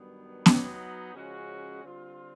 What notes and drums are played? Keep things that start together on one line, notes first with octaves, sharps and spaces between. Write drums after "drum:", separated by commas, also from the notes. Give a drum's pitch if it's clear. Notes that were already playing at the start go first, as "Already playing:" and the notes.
Already playing: G2 D#3 F#3 B3
F#3 B3 D#4, drum: snare B3
C#3 F3 G#3 C#4 F#4
D3 G3 C4 F4